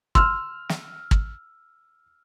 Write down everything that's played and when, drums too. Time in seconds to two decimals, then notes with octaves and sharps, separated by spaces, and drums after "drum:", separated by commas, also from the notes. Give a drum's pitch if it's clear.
0.15 C6 E6 F6, drum: kick
0.69 drum: snare
1.11 drum: kick